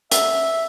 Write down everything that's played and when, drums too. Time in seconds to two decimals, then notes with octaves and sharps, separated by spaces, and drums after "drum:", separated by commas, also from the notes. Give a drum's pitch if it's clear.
0.12 E5, drum: hi-hat